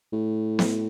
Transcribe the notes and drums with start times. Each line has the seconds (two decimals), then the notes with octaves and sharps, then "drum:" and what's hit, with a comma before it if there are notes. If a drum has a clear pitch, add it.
0.13 A2
0.59 drum: snare B3